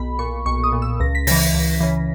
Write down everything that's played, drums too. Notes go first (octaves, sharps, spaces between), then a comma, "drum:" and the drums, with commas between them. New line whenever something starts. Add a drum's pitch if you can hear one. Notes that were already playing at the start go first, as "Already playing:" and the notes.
Already playing: B1 B5
A#2 C#6
B1 C#6
D#6
A#2
E6
C#2 A#6
B6
C#3 E3 A#6, drum: open hi-hat
C#2
C#3 E3